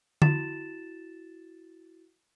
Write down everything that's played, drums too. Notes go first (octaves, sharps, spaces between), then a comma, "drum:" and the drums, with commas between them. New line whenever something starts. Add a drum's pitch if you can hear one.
E4 F#4 A6 E7, drum: tom D3